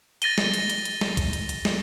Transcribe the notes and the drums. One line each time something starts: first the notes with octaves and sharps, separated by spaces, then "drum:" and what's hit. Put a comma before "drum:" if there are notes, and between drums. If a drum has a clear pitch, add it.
A6 A#6 D#7 G7, drum: hi-hat
drum: snare
drum: hi-hat
drum: hi-hat
drum: hi-hat
drum: snare
drum: kick, hi-hat
drum: hi-hat
drum: hi-hat
drum: snare